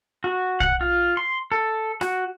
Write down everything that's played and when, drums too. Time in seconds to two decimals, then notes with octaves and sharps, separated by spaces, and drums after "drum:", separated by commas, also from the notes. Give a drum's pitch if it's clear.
0.24 F#4
0.60 F#5, drum: kick
0.81 F4
1.17 C6
1.52 A4
2.01 F#4, drum: rim click